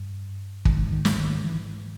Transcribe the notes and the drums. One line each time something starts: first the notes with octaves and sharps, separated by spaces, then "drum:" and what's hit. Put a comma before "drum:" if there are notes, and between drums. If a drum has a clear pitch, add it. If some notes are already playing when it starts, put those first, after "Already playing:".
Already playing: G2
G#2 D#3, drum: kick
D#3
drum: snare
D#3
E3